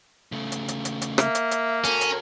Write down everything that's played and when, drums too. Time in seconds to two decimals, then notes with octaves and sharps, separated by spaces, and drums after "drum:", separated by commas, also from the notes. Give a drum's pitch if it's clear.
0.32 C#3 A3
0.52 drum: hi-hat
0.68 drum: hi-hat
0.85 drum: hi-hat
1.02 drum: hi-hat
1.18 A#3 E5, drum: rim click
1.35 drum: hi-hat
1.51 drum: hi-hat
1.85 C#4 F#4 A4 A#4, drum: hi-hat
2.01 drum: hi-hat